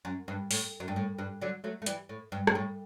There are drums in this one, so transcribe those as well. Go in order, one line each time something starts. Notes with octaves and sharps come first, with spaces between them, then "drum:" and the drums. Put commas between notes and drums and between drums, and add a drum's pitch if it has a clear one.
F#2
G2
A2, drum: open hi-hat
F#2
G2
A2
G2
D3 F#3
F#3 A3
A3
E3 G3, drum: hi-hat
A2
G2
G2, drum: rim click
A2